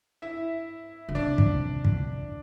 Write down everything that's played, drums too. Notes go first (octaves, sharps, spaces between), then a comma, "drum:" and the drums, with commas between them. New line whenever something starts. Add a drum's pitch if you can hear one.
E4 E5
D3
C3 D4 D5
drum: kick
drum: kick